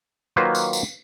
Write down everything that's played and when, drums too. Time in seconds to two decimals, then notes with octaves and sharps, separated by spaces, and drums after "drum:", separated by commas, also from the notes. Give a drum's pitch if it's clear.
0.36 D#3 F#3 A#3 F4 B4 C5
0.55 drum: tambourine
0.73 drum: tambourine